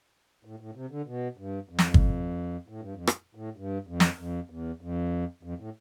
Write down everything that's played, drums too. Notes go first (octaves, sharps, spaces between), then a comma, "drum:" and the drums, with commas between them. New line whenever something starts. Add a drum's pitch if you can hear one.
A2
A2
C3
D3
B2
G2
F2
drum: snare
drum: kick G1
A2
G2
F2
drum: rim click
A2
G2
F2
drum: snare
F2
E2
F2
F2
A2